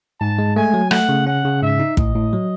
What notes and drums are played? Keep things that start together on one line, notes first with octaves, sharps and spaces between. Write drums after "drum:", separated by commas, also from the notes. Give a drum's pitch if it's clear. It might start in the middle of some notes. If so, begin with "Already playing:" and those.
G#2 A5
G#3
A3 G#5
F#3
A3 F#5, drum: rim click
C#3
C#4 F#5
C#3
G#2 E5
D#4
A2 D#5, drum: kick
A2
F#3